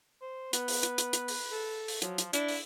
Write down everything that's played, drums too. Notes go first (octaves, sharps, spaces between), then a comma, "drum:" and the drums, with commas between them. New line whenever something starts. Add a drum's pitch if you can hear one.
C5
B3 B4, drum: hi-hat
drum: open hi-hat
drum: hi-hat
drum: hi-hat
drum: hi-hat
drum: open hi-hat
A4
drum: open hi-hat
F3 F#3, drum: hi-hat
drum: hi-hat
D4 E4, drum: hi-hat
drum: open hi-hat